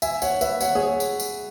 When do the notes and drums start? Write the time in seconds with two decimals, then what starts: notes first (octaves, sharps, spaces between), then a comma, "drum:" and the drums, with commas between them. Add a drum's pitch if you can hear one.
0.02 E5 G#5, drum: tambourine
0.22 C#5 F#5, drum: tambourine
0.41 B4 E5, drum: tambourine
0.61 C#5 F#5, drum: tambourine
0.75 G#4 C#5
1.00 drum: tambourine
1.20 drum: tambourine